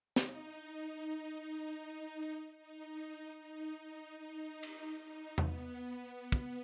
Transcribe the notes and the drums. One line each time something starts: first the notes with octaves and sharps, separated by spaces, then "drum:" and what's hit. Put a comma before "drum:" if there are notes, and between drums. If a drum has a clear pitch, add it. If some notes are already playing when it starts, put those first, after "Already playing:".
D#4, drum: snare
D#4
D#4
D#4
D#4
drum: cymbal
D#4
B3, drum: tom E2
drum: kick